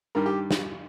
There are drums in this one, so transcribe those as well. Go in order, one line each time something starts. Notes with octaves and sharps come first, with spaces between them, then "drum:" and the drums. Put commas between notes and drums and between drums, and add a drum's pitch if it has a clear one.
G2 D#3 G3 A#4
G4
drum: snare